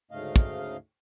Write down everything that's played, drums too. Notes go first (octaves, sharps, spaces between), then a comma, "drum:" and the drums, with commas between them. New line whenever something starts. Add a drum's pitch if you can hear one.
D2 G#2 C#3 A3 D#5 F5
drum: kick